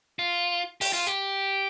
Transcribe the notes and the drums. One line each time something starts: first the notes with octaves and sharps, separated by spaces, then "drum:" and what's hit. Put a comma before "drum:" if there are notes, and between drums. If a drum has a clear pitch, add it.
F4
G4, drum: open hi-hat
F4
G4